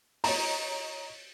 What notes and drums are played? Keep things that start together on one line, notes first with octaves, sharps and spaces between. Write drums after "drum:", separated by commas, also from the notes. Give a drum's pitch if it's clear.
C#5 D#5 A#5, drum: open hi-hat